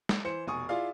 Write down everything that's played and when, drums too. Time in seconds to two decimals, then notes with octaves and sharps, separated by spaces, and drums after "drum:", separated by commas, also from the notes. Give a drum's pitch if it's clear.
0.09 drum: snare
0.24 E3 C5 C#7
0.47 F1 B2 G#5 C#6 D#6
0.69 E4 F4 G#4 D5 F5